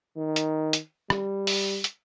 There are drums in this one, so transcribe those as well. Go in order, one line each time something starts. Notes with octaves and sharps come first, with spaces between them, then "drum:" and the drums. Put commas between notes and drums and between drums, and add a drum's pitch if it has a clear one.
D#3
drum: hi-hat
drum: hi-hat
G3, drum: rim click
drum: open hi-hat
drum: hi-hat